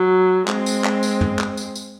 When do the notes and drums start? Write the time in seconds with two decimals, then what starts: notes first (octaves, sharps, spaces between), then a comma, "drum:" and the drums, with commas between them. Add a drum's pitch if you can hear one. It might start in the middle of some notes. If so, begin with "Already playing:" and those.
Already playing: F#3
0.48 G#3 C4, drum: clap
0.66 drum: tambourine
0.85 drum: clap
1.03 drum: tambourine
1.21 drum: tom
1.39 drum: clap
1.57 drum: tambourine
1.76 drum: tambourine